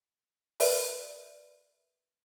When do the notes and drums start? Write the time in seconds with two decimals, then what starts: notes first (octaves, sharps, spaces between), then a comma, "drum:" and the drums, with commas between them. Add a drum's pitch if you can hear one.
0.60 A#4 B4 D5 E5, drum: open hi-hat